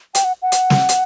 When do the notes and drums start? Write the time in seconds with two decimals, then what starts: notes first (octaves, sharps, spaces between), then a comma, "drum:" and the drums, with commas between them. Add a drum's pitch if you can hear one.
0.15 G5, drum: hi-hat
0.24 F#5
0.42 F#5
0.52 drum: hi-hat
0.70 drum: snare
0.89 drum: hi-hat